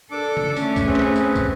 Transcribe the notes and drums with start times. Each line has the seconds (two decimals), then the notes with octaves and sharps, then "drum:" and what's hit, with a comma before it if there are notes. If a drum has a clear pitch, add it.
0.11 D4 A4 D6
0.37 drum: tom C#3
0.57 A3 C#4, drum: tambourine
0.76 drum: kick, tambourine
0.87 C4 G#4 B4
0.96 drum: clap
1.16 drum: tambourine
1.35 drum: kick, tambourine